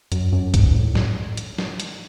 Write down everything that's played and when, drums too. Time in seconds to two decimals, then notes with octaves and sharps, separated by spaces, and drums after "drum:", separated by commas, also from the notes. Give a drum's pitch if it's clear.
0.12 F#2, drum: hi-hat
0.32 F#2
0.54 G#2, drum: kick C2, hi-hat
0.74 A2
0.95 drum: snare
1.37 drum: hi-hat
1.58 drum: snare
1.80 drum: hi-hat